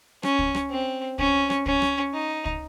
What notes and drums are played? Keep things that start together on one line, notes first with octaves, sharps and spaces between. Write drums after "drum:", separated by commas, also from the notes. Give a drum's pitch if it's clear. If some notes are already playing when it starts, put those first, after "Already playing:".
C#4, drum: rim click
drum: kick
drum: rim click
C4
C#4, drum: kick
drum: rim click
C#4, drum: kick
drum: rim click
D#4
drum: kick